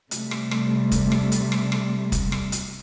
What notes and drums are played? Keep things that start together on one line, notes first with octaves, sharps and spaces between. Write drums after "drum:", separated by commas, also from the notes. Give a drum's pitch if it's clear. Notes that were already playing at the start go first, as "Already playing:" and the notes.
C3 G3 A3, drum: hi-hat
drum: rim click
drum: rim click
drum: kick, hi-hat
drum: rim click
drum: hi-hat
drum: rim click
drum: rim click
drum: kick, hi-hat
drum: rim click
drum: hi-hat